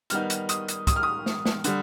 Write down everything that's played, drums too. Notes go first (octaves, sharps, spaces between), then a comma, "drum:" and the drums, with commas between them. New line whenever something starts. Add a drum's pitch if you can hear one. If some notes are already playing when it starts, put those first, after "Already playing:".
D#3 G3 B3 D#4 F6, drum: hi-hat
drum: hi-hat
D#6, drum: hi-hat
drum: hi-hat
D#6, drum: kick, hi-hat
F6
D#6
drum: snare
drum: snare
D3 G3, drum: hi-hat